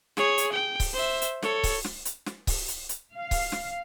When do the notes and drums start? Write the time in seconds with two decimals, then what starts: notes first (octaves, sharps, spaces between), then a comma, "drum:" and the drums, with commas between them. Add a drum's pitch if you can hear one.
0.17 G#4 C#5, drum: snare
0.38 drum: hi-hat
0.52 G5
0.80 drum: kick C#1, open hi-hat
0.94 C5 E5
1.22 drum: hi-hat
1.42 A4 C#5, drum: snare
1.63 drum: kick C#1, open hi-hat
1.84 drum: snare
2.05 drum: hi-hat
2.26 drum: snare
2.47 drum: kick C#1, open hi-hat
2.68 drum: hi-hat
2.89 drum: hi-hat
3.17 F5
3.31 drum: kick C#1, open hi-hat
3.52 drum: snare